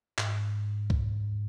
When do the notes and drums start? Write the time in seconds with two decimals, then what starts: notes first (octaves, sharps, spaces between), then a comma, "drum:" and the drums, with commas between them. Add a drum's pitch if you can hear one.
0.18 G#2, drum: clap
0.90 drum: kick C2